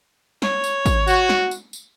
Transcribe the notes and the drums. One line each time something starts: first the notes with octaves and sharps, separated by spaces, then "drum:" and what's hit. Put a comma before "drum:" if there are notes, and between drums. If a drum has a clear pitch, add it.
C#5, drum: snare
drum: tambourine
drum: kick, tambourine
F#4, drum: tambourine
drum: snare
drum: tambourine
drum: tambourine